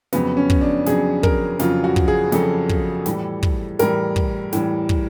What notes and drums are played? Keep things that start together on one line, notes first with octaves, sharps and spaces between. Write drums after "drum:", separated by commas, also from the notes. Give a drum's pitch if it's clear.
F2 C#3 F#3 B3, drum: snare
C#4
drum: kick
D4
F2 C#3 F#3 G#4, drum: snare
A#4, drum: kick
F2 C#3 F#3 F4, drum: snare
F#4
drum: kick
G#4
F2 C#3 F#3 A4, drum: snare
drum: kick
A2 E3 G3, drum: snare
drum: kick
A2 E3 G3 A#4, drum: snare
drum: kick
A2 E3 G3, drum: snare
drum: kick